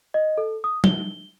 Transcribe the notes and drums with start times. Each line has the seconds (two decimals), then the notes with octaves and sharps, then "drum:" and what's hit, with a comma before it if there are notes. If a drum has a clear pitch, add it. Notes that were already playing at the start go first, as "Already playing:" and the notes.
0.14 D#5
0.38 A4
0.64 D#6
0.84 G7, drum: tom F#3